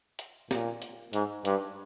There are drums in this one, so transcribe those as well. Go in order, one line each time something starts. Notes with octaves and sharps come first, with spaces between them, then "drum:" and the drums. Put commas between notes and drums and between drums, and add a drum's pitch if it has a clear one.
drum: hi-hat
A#2, drum: snare
drum: hi-hat
G#2, drum: hi-hat
G2, drum: hi-hat